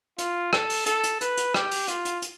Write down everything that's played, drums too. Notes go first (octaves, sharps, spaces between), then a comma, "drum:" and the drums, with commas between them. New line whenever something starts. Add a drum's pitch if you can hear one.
F4, drum: hi-hat
A4, drum: rim click
drum: open hi-hat
A4, drum: hi-hat
drum: hi-hat
B4, drum: hi-hat
drum: hi-hat
G4, drum: rim click
drum: open hi-hat
F4, drum: hi-hat
drum: hi-hat
drum: hi-hat